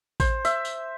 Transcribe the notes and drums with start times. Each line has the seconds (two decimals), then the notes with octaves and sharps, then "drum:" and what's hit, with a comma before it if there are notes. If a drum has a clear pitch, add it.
0.20 C5, drum: kick A1, tambourine
0.45 E5, drum: tambourine
0.65 drum: tambourine